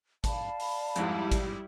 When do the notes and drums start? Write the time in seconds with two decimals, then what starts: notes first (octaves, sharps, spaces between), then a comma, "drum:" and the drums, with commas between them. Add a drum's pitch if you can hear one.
0.24 D5 F5 A5 B5, drum: kick G#1, hi-hat
0.60 drum: open hi-hat
0.96 F2 G#2 G3 E4, drum: hi-hat
1.31 drum: kick G#1, hi-hat